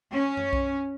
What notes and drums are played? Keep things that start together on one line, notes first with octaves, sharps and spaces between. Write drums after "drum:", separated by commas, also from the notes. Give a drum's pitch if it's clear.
C#4
drum: tom F#2
drum: kick B1